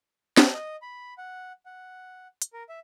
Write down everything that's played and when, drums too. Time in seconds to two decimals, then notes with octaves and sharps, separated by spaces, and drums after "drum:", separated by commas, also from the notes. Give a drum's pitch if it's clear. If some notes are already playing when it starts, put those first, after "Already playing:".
0.37 A5, drum: snare
0.53 D#5
0.82 B5
1.18 F#5
1.66 F#5
2.42 drum: hi-hat
2.53 A#4
2.69 E5